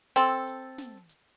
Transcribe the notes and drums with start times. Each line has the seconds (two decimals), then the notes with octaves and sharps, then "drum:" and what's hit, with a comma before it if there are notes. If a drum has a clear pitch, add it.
0.16 C4 A4, drum: hi-hat
0.47 drum: hi-hat
0.78 drum: snare
1.09 drum: hi-hat